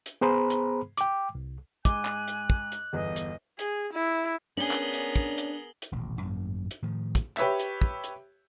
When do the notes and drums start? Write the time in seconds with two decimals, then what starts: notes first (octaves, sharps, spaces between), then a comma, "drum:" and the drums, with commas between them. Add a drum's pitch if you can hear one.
0.06 drum: hi-hat
0.21 B3 G#4 C5 A#5 B5
0.50 drum: hi-hat
0.97 G5 D6, drum: hi-hat
1.35 C2
1.85 G#2 G#5 D6 F#6, drum: kick, hi-hat
2.05 drum: clap
2.28 drum: hi-hat
2.50 drum: kick
2.72 drum: hi-hat
2.93 G1 E2 D#5
3.16 drum: hi-hat
3.59 G#4, drum: hi-hat
3.93 E4
4.57 B3 C#4 D4 G#4 A#4 F#7 G7
4.71 drum: clap
4.93 drum: hi-hat
5.16 drum: kick
5.38 drum: hi-hat
5.82 drum: hi-hat
5.92 D#1 A1 B2
6.21 G#1 F#2 A2 A#3
6.71 drum: hi-hat
6.82 A2 D#3 F3
7.15 drum: kick, hi-hat
7.37 G4 B4 C#5 E5, drum: clap
7.59 drum: hi-hat
7.82 drum: kick
8.04 drum: hi-hat